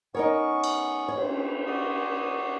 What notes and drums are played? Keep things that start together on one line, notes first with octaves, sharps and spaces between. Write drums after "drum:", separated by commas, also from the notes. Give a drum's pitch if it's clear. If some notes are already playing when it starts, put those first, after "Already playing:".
B3 C#4 D#4 A#4 C#5 C#6
drum: cymbal
C#5
drum: cymbal
F#4 D5 D#6